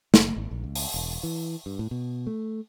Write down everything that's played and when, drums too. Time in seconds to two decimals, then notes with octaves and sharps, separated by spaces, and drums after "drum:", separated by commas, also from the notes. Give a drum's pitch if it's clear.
0.14 F#1, drum: snare
0.36 G#1
0.51 A#1
0.64 C#2
0.75 drum: open hi-hat
0.94 E1
1.23 E3
1.66 G2
1.79 A2
1.91 B2
2.27 A3